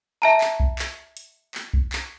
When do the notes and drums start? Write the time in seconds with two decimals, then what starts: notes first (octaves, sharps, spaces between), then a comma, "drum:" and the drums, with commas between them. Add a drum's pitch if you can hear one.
0.22 E5 A5 A#5
0.41 drum: clap
0.60 drum: kick B1
0.79 drum: clap
1.17 drum: hi-hat
1.55 drum: clap
1.74 drum: kick B1
1.93 drum: clap